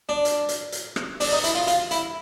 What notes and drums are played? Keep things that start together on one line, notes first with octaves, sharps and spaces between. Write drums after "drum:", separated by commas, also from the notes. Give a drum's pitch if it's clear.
D4
drum: hi-hat
drum: hi-hat
drum: hi-hat
drum: rim click
D4, drum: open hi-hat
D#4
E4, drum: hi-hat
F4
F4, drum: hi-hat
E4, drum: hi-hat